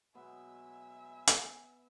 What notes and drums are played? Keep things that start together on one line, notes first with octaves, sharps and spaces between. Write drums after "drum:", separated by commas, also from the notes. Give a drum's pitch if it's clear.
B2 F#3 G#3 B3 E5 G#5
drum: hi-hat